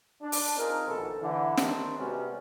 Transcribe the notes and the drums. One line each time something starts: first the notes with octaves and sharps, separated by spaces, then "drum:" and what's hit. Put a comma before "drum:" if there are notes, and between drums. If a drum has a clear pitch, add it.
D4
drum: open hi-hat
C4 D#4 F4 G#4 A#4
A#1 B2 D#3 B3 A4
D3 E3 E4
D#3 C4 D4, drum: snare
C3 G3 G#3 B3 C#4 F#4